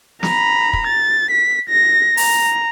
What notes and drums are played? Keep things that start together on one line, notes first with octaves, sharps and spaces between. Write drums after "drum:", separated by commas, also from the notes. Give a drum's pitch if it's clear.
A#5 B5, drum: snare
drum: kick
A6
B6
A#6
A#5, drum: open hi-hat